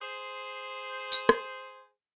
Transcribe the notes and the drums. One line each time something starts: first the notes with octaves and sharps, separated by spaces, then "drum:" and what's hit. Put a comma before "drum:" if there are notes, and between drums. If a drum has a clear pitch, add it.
G#4 C5
drum: tambourine
drum: rim click